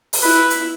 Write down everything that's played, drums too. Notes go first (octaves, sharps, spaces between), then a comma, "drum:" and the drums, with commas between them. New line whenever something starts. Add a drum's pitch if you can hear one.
drum: open hi-hat
E4 B4
drum: hi-hat